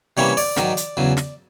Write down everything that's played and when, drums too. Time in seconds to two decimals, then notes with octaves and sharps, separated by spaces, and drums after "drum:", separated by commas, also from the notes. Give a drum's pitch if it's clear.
0.17 C3 E3 G3 A#3 C#4 C#5
0.37 D5, drum: open hi-hat
0.56 G#2 D#3 F#3, drum: snare
0.77 drum: hi-hat
0.97 E2 C#3 F#3
1.17 drum: snare